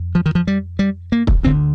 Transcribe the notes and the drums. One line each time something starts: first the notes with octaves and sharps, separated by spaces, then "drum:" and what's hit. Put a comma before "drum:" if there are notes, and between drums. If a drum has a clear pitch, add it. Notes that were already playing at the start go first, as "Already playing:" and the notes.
Already playing: F2
F3
D#3
F3
G3
G3
A#3
drum: kick
D2 D3 C4